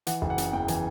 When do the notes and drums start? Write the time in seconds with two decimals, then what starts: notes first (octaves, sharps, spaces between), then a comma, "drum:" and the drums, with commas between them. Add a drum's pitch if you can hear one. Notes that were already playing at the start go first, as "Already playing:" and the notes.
0.07 E3 F#5, drum: hi-hat
0.22 F#1
0.30 F#5
0.38 C#3, drum: hi-hat
0.53 E2 G5
0.68 E3 G#5, drum: hi-hat